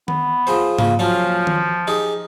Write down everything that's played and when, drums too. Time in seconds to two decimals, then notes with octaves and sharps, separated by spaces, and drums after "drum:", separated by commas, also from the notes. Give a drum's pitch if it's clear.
0.08 B3, drum: tom D#3
0.47 F3 G#4 C5
0.79 C#3 F3 A#3, drum: tom G#2
0.99 F3 F#3 C#4 F4
1.47 drum: tom D#3
1.87 D#4 G4 G#4